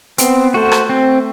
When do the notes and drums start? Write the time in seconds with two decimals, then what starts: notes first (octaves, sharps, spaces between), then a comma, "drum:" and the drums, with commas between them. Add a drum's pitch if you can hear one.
0.18 B3 C4, drum: hi-hat
0.54 A3 F#4 C5
0.72 drum: rim click
0.89 C4